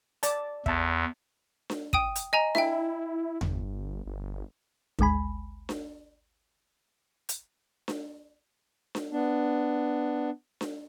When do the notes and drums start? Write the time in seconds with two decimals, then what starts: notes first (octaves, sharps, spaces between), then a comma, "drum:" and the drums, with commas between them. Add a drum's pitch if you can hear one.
0.23 D5 A5, drum: hi-hat
0.66 E2 E5 A5, drum: kick
1.70 drum: snare D4
1.93 G5 D#6 D#7, drum: kick
2.15 drum: hi-hat
2.33 D#5 G#5 A#5
2.55 E4 E5 G5, drum: snare D4
3.41 G1, drum: tom E2
4.06 G1
4.99 G#1 D2 G#3 G#5 B5, drum: kick
5.69 drum: snare D4
7.29 drum: hi-hat
7.88 drum: snare D4
8.95 drum: snare D4
9.11 B3 D4
10.61 drum: snare D4